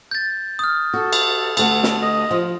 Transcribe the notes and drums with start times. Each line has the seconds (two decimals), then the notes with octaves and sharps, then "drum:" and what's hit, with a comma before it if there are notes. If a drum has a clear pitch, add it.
0.11 G6 A6
0.59 D#6 F6
0.94 F#4 A4
1.13 drum: cymbal
1.57 D2 A3 F#5, drum: cymbal
1.83 drum: snare
2.01 D#5
2.31 F3